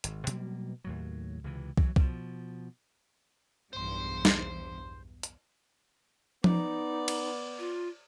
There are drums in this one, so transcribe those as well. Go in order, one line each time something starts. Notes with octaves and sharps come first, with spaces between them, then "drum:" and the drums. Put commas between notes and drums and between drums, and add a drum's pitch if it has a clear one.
G#1, drum: hi-hat
B2 F#3 G3 A#3, drum: hi-hat
D#2 A2 F#3
C#2 C3 E3
E3 F#3, drum: kick
B2 F3, drum: kick
B1 E2 G2 C5 C6
drum: snare
drum: hi-hat
B3 D#4 D5, drum: tom F3
drum: cymbal
F4